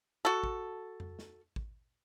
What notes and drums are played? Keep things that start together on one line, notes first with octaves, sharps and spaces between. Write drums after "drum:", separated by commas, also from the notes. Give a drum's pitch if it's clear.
F#4 A4
drum: kick
drum: tom F2
drum: snare
drum: kick